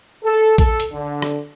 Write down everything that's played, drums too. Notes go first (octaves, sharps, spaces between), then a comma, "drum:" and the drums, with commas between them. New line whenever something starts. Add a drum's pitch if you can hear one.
A4
A4, drum: kick A1, hi-hat
drum: hi-hat
D3
drum: rim click